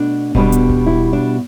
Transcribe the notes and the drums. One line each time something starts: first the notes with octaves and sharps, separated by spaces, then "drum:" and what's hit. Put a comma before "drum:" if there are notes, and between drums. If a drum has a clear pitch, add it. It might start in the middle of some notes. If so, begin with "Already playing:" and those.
Already playing: B2 A3 D4
B2 G3 B3 D4, drum: kick D#1
drum: hi-hat
drum: kick D#1
E4
D4